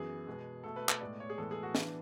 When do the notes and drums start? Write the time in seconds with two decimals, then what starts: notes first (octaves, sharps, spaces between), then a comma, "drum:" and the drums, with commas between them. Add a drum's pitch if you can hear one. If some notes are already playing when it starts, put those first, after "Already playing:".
Already playing: F#2 E3 B3 G#4
0.27 B2 G#3 B3
0.64 B2 A3 A4
0.76 B4
0.89 B4, drum: clap
1.01 A2 G#3 B3 D5
1.20 C#5
1.30 G#4
1.38 A2 E3 G#3 B3 A4
1.51 G#4
1.63 F#4
1.75 E3 B3 D4, drum: snare